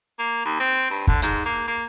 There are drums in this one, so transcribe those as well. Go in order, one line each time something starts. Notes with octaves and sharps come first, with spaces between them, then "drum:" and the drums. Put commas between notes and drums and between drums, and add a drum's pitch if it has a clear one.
A#3
D#2
C4
G2
D3, drum: kick
G#2, drum: hi-hat
A#3
A#3